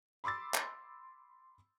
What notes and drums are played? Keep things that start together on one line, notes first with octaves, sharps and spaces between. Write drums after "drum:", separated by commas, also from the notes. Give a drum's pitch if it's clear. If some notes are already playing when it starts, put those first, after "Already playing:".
B5 C6 D6 E6 A6
drum: clap